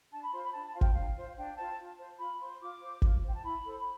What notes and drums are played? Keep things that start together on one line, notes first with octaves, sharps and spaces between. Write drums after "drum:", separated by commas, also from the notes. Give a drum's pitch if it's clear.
D4 A5
B5
F4 C5 C6
B5
D4 A5
A5
F4 C5 F5
G5, drum: kick G1
D4 F5
F4 C5
D4 G5
F4 C5 A5
F4
C5
F4 B5
C5 C6
F4 D6
C5
F4, drum: kick G1
C5 G5
A5
E4 B5
A4 C5
B5